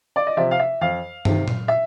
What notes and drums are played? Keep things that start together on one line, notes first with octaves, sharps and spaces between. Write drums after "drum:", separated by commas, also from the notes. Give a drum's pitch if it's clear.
D5
D#5
C3 F3 E5
F5
E5
F2 F5
C3 D#3, drum: tom
drum: tom A#2
E5